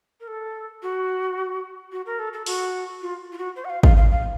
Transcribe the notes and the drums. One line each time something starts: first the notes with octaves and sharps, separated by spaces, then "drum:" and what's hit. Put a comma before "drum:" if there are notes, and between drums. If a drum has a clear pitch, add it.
A#4
A4
F#4
F#4
A#4
A4
A4
F#4, drum: open hi-hat
F4
F4
F#4
C5
F#5
F5
F5, drum: kick G#1
F5
F5